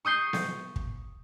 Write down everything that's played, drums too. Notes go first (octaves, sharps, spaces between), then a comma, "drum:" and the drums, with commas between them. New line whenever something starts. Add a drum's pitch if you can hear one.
C#6 D#6 G6 C7
drum: snare B3
drum: kick